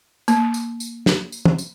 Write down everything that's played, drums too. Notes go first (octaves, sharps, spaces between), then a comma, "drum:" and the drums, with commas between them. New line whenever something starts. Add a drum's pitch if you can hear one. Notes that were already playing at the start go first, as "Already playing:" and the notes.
A#3, drum: tambourine
drum: tambourine
drum: tambourine
drum: snare
drum: tambourine
drum: tom
drum: tambourine